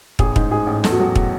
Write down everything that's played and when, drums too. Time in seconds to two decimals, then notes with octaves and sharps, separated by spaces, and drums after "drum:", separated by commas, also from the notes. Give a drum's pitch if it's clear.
0.19 A1 G#4, drum: kick
0.36 G#2, drum: kick
0.51 G#2 G#4
0.67 A1
0.84 E2 A4, drum: snare
0.92 F#4
0.99 F#3 G#4
1.16 drum: kick